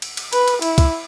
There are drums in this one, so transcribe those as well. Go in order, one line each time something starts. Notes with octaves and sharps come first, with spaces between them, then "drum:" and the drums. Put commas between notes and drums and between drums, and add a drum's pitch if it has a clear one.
drum: cymbal
drum: cymbal
B4, drum: cymbal
drum: cymbal
E4, drum: cymbal
drum: kick, cymbal